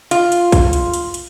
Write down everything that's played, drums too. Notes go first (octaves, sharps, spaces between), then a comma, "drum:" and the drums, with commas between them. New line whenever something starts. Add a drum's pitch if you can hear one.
F4, drum: hi-hat
drum: hi-hat
drum: kick, hi-hat
drum: hi-hat
drum: hi-hat
drum: hi-hat